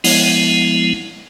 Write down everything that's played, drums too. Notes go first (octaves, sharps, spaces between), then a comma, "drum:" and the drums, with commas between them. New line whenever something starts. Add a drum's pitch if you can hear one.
F3 G#3 B3 E4, drum: open hi-hat